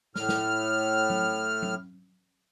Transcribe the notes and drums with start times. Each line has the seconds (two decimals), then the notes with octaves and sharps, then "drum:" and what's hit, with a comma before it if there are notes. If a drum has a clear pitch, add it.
0.15 A2 F6, drum: snare
0.29 drum: snare
1.10 drum: tom F#3
1.62 drum: tom F#3